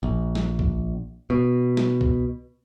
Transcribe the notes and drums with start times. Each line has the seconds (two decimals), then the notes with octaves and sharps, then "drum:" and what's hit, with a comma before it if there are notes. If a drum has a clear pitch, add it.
0.03 A#1
0.35 drum: snare
0.59 drum: kick C2
1.30 B2
1.77 drum: snare
2.01 drum: kick C2